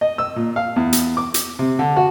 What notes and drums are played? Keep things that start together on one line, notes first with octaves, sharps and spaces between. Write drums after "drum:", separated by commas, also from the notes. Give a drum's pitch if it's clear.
D#5
E6
A#2
F5
E2
drum: hi-hat
D6
drum: hi-hat
C3
D3
F#4